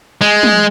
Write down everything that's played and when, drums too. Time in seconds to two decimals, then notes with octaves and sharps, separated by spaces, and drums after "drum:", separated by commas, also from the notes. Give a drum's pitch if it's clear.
0.21 G#3
0.43 drum: tom